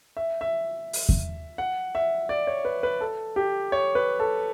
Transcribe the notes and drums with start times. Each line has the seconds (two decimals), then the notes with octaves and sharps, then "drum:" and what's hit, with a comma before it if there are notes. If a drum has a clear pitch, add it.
0.17 E5
0.41 E5
0.93 drum: open hi-hat
1.09 drum: kick E2
1.58 F#5
1.95 E5
2.29 D5
2.47 C#5
2.65 B4
2.83 B4
3.01 A4
3.36 G4
3.72 C#5
3.95 B4
4.20 A4